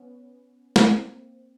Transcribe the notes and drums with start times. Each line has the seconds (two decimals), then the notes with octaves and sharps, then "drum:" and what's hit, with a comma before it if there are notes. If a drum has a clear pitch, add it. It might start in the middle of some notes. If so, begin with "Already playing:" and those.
Already playing: B3 C#4
0.76 C4, drum: snare
0.84 C#4
0.94 A#3 C4